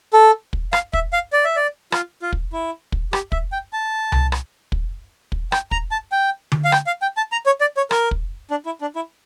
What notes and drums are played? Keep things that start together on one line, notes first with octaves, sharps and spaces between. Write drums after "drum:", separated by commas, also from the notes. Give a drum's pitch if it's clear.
A4
drum: kick
F5, drum: rim click
E5, drum: kick
F5
D5
E5
D5
F4, drum: rim click
F4
drum: kick
E4
drum: kick
G4, drum: rim click
E5, drum: kick
G5
A5
drum: tom C2
drum: rim click
drum: kick
drum: kick
G5, drum: rim click
A#5, drum: kick
A5
G5
drum: tom D3
F5
G5, drum: rim click
F5
G5
A5
A#5
C#5
D5
C#5
A#4, drum: rim click
drum: kick
D4
E4
D4
E4